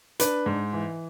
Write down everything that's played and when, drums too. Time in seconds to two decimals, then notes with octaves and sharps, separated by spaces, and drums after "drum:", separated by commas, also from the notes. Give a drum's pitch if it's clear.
0.20 D4 B4, drum: hi-hat
0.46 G#2
0.73 E3